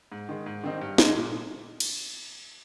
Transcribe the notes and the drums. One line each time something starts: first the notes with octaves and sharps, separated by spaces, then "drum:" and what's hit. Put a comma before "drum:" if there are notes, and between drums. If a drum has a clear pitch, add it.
G#2
D#3 G#3
G#2
D#3 G3 C4 D#4
G2
D3 G#3 D#4, drum: snare
A#2
drum: cymbal